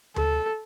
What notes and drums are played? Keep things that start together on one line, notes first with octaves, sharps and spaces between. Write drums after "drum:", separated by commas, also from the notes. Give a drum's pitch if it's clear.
A4, drum: tom D2